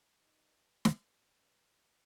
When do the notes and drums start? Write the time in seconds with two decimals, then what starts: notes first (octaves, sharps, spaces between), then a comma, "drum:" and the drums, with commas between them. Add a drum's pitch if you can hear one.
0.17 G2 E3 D#4
0.85 drum: snare
1.35 C#4